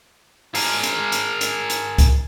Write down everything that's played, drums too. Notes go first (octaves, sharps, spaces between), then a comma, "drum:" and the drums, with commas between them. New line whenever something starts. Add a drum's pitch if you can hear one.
G#4 A#4, drum: open hi-hat
drum: hi-hat
drum: hi-hat
drum: hi-hat
drum: hi-hat
drum: kick C#2, hi-hat